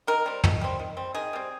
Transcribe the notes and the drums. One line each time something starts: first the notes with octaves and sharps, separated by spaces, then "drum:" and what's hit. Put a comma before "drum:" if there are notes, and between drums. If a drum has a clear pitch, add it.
D#3 A#4
G3 C4
D#3, drum: tom
G3 C4
D#3
G3 C4
D#3 G#4
G3 C4